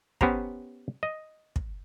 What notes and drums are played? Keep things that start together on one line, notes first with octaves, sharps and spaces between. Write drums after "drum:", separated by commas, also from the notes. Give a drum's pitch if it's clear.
B3 C#4 G4 C5 A#5, drum: kick
D#5
drum: kick